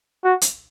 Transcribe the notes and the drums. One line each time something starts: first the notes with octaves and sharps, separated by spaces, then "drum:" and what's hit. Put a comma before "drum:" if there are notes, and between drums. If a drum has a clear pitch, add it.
F#4
drum: hi-hat